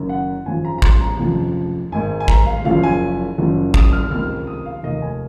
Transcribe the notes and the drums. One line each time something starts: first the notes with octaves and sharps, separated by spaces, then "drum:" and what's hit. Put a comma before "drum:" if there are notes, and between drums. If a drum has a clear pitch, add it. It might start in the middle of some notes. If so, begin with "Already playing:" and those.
Already playing: F#1 F#2 D#3
F#5
G#1 F#2 C#3 F3 G#5
A#5
A#5
C6, drum: kick A1
A#5
F1 F2 C#3 F3
G#1 G#2 D#3 G#5
G#5
A#5, drum: kick A1
F5
F#1 F#2 C#3 F3 F5
G#5
F#1 F#2 F3
D#6, drum: kick A1
F6
C#2 C3 D#3 F6
D#6
F5
F1 D#2 D#3 D#5
G#5